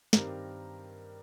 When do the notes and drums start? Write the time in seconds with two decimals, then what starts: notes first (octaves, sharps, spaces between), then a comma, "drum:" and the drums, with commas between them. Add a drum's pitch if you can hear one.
0.13 G2 D#3 C4 G4 A#4, drum: snare